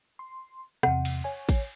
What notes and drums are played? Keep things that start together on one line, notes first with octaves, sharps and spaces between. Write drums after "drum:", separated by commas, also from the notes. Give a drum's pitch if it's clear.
C6
E2 C3 F#5, drum: rim click
drum: cymbal
C#5 G#5
drum: kick A1, cymbal